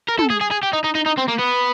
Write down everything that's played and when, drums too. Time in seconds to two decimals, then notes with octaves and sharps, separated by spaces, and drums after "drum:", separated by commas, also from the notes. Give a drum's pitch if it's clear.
0.09 A#4
0.19 A4, drum: tom
0.30 G#4
0.41 G#4
0.51 G#4
0.63 G4
0.73 D#4
0.84 D#4
0.95 D#4
1.06 D#4
1.18 C4
1.29 A#3
1.39 B3